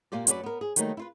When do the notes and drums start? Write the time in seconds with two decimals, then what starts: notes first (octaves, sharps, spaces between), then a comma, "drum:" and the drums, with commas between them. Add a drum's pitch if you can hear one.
0.12 A#2 A#3 F4 G4 D5
0.27 F#2 F#3 F4 G#4 B4 D5, drum: hi-hat
0.43 B3 A#4
0.61 G#4
0.76 D#3 F#3 G3 A3 A#3 D#4, drum: hi-hat
0.97 E4 F4 B4